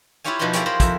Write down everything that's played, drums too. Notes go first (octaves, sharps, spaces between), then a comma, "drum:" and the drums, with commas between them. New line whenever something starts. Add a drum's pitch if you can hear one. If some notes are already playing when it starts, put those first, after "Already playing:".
E4 F4 G4 C#5 F5 G#5
B2 F3 D#4 B4 B5 C6
E4 F4 G4 G#4 A#4 C#5, drum: hi-hat
E4 F4 A#4 C5 B5
F2 E5, drum: kick, hi-hat